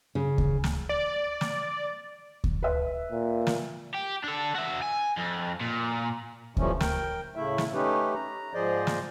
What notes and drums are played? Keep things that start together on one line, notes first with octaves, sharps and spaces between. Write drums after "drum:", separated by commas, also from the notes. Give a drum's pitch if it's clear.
C#3
drum: kick D2
drum: snare
D5
drum: snare
drum: kick D2
B4 E5
A#2
drum: snare
G4
D4 A4
F#4 E5
G#5
F2
A#2
E3 F3 G3 A3 C#4, drum: kick D2
A#4 G5, drum: snare
A2 C#3 A3 E4 E5
drum: snare
A3 C#4 D#4 G4 B4
A#5
G#2 F3 G#4 C5 D5 D#5
drum: snare